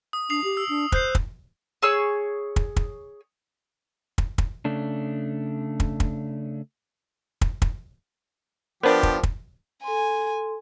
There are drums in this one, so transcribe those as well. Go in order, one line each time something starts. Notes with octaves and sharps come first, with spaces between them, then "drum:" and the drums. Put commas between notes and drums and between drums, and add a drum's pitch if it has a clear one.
D#6
D4 D#6 C7 F7
G4
E6
D4
C5 F#6 G6 C7, drum: kick
drum: kick
G#4 C#5 E6
drum: kick
drum: kick
drum: kick
drum: kick
C#3 A3 D4
drum: kick
drum: kick
drum: kick
drum: kick
F3 B3 D4 G4 A#4 C5
drum: kick
drum: kick
A4 G#5 C6